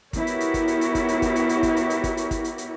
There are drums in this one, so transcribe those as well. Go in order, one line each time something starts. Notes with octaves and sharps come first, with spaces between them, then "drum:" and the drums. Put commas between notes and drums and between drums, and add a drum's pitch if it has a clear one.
B3 E4 F#4 G4 A#4 C#5, drum: kick, hi-hat
drum: hi-hat
drum: hi-hat
drum: kick, hi-hat
drum: hi-hat
drum: hi-hat
drum: kick, hi-hat
drum: hi-hat
drum: kick, hi-hat
drum: hi-hat
drum: hi-hat
drum: kick, hi-hat
drum: hi-hat
drum: hi-hat
drum: kick, hi-hat
drum: hi-hat
drum: kick, hi-hat
drum: hi-hat
drum: hi-hat